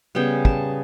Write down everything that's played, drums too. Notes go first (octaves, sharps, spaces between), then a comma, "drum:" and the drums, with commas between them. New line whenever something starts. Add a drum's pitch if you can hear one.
C#3 G3 B3 G5
A5, drum: kick